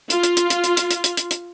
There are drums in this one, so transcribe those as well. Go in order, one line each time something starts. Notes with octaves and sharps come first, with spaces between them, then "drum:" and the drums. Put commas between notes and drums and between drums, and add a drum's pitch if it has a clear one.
F4, drum: hi-hat
drum: hi-hat
drum: hi-hat
drum: hi-hat
drum: hi-hat
drum: hi-hat
drum: hi-hat
drum: hi-hat
drum: hi-hat
drum: hi-hat